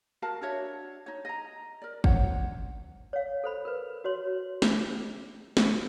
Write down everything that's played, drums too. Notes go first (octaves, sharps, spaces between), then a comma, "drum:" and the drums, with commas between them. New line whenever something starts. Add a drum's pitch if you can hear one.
F#4 A#4 F5 A5
D4 F#4 C#5 E5
D#4 C#5
D#5 A#5
A#4 D5
C5 C#5 F#5, drum: kick
C#5 F5
A4 C5 B5
A#4 B4
F#4 C#5 C6
drum: snare
drum: snare